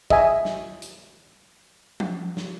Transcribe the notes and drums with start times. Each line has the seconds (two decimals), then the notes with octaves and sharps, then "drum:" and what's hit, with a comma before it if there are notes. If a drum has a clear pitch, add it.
0.10 D#5 E5 G#5, drum: kick
0.45 drum: snare
0.82 drum: hi-hat
2.00 drum: tom F3
2.37 drum: snare